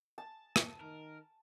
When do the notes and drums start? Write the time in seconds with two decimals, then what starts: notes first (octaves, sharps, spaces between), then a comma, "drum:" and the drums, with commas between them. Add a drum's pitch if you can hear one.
0.18 A5
0.56 drum: rim click
0.81 D#3 A#4